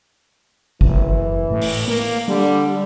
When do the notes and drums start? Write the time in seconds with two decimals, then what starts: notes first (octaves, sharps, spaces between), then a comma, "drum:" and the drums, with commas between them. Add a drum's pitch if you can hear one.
0.81 F#1 E3, drum: kick G#1
1.50 A2
1.61 drum: open hi-hat
1.88 A#3
2.28 D3 G3